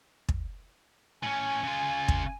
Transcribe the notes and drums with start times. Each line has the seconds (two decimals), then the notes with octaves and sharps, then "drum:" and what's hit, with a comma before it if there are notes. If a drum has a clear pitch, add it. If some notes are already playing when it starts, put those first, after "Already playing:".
0.29 drum: kick
1.23 A2 C#4 G#5
1.63 C#3 F4
2.08 drum: kick